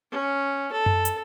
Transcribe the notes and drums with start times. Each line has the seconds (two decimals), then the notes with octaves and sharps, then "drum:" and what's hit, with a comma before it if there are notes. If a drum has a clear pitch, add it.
0.11 C#4
0.72 A4
0.86 drum: tom F#2
1.05 drum: hi-hat